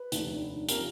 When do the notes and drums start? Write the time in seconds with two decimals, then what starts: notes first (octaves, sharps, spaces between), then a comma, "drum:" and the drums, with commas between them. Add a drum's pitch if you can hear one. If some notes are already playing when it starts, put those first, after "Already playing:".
Already playing: B4
0.12 F1 D#2 D3, drum: hi-hat
0.69 C3 F3 A#4, drum: hi-hat